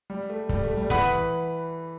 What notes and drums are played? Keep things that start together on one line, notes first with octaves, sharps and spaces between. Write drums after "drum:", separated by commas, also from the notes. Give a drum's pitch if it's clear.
G3
A3
G3, drum: kick
A3
G3
E3 B4 F#5 B5 D#6, drum: kick